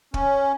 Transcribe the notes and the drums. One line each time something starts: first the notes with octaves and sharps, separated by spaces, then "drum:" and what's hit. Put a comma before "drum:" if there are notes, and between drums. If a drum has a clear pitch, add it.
C#4, drum: kick